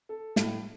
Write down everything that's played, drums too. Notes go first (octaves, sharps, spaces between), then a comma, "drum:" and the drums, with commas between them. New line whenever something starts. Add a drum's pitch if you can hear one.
A4
A2 A3, drum: snare